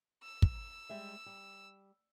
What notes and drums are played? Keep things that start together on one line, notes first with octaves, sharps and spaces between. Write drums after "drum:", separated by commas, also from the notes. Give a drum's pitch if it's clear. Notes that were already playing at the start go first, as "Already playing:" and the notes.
E6
drum: kick
G3 G#3 E5
G3